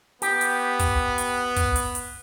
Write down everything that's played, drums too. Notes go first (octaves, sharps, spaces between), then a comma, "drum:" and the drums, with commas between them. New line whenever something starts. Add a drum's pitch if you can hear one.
B3 G4, drum: hi-hat
drum: hi-hat
drum: kick, hi-hat
drum: hi-hat
drum: kick, hi-hat
drum: hi-hat
drum: hi-hat